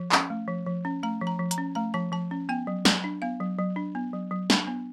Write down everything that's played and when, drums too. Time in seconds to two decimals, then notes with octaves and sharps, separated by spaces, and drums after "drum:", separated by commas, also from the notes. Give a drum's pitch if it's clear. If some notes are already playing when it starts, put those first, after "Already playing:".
Already playing: F3
0.12 C#4, drum: clap
0.30 A3
0.48 F3
0.66 F3
0.85 C#4
1.03 A3 A#5
1.21 F3
1.27 A#5
1.39 F3
1.51 A#5, drum: hi-hat
1.58 C#4
1.75 A3 A#5
1.94 F3 A5
2.12 F3 A5
2.31 C#4
2.49 B3 G5
2.67 F#3
2.85 F#3, drum: snare
3.04 D4
3.22 B3 F5
3.40 F#3
3.59 F#3
3.76 D4
3.95 B3
4.13 F#3
4.31 F#3
4.50 D4, drum: snare
4.67 B3